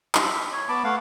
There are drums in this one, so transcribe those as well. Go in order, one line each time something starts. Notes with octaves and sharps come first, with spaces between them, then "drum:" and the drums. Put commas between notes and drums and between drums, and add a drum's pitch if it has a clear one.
E5, drum: clap
C#5
B3 A5 B5 D6
A3 F5 F#5